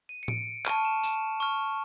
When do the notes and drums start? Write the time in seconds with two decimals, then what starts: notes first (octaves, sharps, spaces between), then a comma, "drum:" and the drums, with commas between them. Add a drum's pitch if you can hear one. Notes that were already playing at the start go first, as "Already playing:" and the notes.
0.09 D#7
0.23 C#7
0.28 D7, drum: tom A2
0.66 A5 C#6 F6 D#7, drum: clap
0.85 E7
1.03 E7, drum: tambourine
1.40 C#6 F6